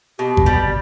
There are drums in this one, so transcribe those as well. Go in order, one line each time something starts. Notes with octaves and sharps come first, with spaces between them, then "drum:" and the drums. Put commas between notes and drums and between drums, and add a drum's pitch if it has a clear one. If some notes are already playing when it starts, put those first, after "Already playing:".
B2 G4
drum: kick
G3